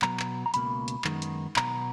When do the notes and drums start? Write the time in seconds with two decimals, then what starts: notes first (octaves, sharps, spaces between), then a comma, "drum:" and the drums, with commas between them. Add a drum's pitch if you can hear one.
0.02 B2 F#3 B3 A#5, drum: clap
0.20 drum: clap
0.46 A#5
0.54 C#2 B2 A#3 B5, drum: hi-hat
0.88 drum: hi-hat
1.04 F#2 D#3 G#3 B3, drum: clap
1.22 drum: hi-hat
1.56 B2 F#3 B3 A#5, drum: clap